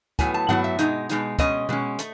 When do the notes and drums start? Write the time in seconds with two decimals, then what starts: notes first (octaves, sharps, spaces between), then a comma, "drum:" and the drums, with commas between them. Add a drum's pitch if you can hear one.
0.19 A2 F#3 B3 G#5, drum: kick, hi-hat
0.34 A5
0.49 A2 F#3 B3 F#5, drum: tom G2
0.64 E5
0.79 B2 G#3 D#4, drum: hi-hat
1.09 B2 G#3 D#4, drum: hi-hat
1.39 B2 G#3 C#4 D#5, drum: kick, hi-hat
1.69 B2 G#3 C#4, drum: tom B2
1.99 A3, drum: hi-hat